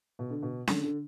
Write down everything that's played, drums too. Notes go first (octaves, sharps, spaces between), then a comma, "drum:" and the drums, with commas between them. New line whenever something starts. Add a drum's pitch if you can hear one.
B2
D3
B2
D3, drum: snare C#4
D3